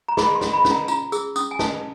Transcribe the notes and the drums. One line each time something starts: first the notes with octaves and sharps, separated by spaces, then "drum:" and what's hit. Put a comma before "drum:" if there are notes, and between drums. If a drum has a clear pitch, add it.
A#5
G#4 B5, drum: snare
C6
C#4, drum: snare
B5
C#4, drum: snare
A#5
F4 A#5, drum: tambourine
G#4 E6, drum: tambourine
C#4 D#6, drum: tambourine
G#5
C#4 A5, drum: snare